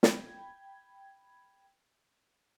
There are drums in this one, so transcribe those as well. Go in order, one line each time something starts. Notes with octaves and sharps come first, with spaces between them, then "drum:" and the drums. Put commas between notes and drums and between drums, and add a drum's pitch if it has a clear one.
G5 B5 G#6, drum: snare